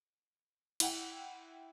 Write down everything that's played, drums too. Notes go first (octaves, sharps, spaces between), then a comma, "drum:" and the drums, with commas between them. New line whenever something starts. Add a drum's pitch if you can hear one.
E4 F#5 G5, drum: cymbal